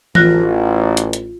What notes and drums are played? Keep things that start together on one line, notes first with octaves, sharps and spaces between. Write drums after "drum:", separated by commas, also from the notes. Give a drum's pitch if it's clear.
A1 F4 F#6 A#6, drum: tom E3
drum: hi-hat
drum: hi-hat